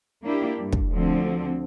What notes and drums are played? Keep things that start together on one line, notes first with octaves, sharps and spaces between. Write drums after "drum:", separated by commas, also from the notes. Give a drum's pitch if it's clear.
A#3 D4 E4 G4
G2
drum: kick
D2 D3 F3 C4